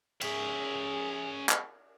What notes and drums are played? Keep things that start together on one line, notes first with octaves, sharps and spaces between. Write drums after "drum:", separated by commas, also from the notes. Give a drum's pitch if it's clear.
C#4 G#4 E5, drum: cymbal
drum: clap